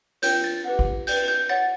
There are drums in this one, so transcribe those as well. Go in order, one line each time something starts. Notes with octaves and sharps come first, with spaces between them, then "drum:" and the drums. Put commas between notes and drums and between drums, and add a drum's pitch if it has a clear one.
C#5 G5 G6, drum: cymbal
A6
G4 B4 F#5
drum: kick
B4 D5 G5 G6, drum: cymbal
G6
C#5 F#5 A6